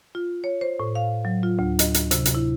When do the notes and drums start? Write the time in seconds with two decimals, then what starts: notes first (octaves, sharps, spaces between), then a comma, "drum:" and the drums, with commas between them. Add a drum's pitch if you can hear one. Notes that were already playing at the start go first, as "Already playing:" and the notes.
0.15 F4
0.44 C#5
0.61 C5
0.80 A2
0.95 F5
1.25 F#3
1.43 F4
1.59 D2
1.79 D#5, drum: hi-hat
1.94 drum: hi-hat
2.11 C3, drum: hi-hat
2.25 drum: hi-hat
2.35 E4